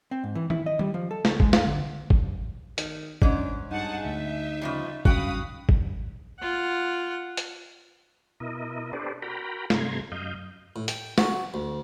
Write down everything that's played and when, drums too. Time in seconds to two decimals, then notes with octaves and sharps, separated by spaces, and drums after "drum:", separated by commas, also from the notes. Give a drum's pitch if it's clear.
0.11 C4
0.24 G#2
0.35 E3
0.50 E4, drum: tom D#3
0.66 D#5
0.79 G3, drum: tom D#3
0.94 F3
1.11 A4
1.25 C#2, drum: snare
1.40 G#3, drum: kick
1.53 F5, drum: snare
1.66 D3
2.10 drum: kick
2.78 D#3, drum: hi-hat
3.22 G#2 C#4 D4, drum: kick
3.71 G2 D#4 G#4 F#5 A5
4.05 D2 E5
4.62 C#3 F3 G3
5.05 F#1 G2 C#4 F#4 F5 G5 B5 D#6, drum: kick
5.69 drum: kick
6.40 F4 F#5
7.37 drum: hi-hat
8.40 B2 E4 A#4 D#5
8.93 D4 G4 A4 B4 C5 D5
9.22 F#4 A#4 G5 A#5 B5
9.70 G2 C3 A3 A#5 C6 G#6, drum: snare
10.12 F#2 D#5 F5 G6
10.76 A2
10.88 G5, drum: hi-hat
11.18 F#4, drum: snare
11.54 D2